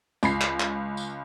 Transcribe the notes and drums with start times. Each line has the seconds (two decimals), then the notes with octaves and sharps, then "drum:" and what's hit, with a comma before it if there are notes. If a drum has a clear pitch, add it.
0.23 C#2 B5 C7, drum: tambourine
0.41 drum: clap
0.60 drum: clap
0.97 drum: tambourine